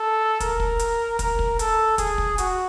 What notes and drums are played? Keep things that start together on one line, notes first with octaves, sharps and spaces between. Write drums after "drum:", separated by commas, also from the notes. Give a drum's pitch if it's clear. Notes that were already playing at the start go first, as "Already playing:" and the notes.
Already playing: A4
A#4, drum: kick, hi-hat
drum: kick
drum: hi-hat
A#4, drum: kick, hi-hat
drum: kick
A4, drum: hi-hat
G#4, drum: kick, hi-hat
drum: kick
F#4, drum: hi-hat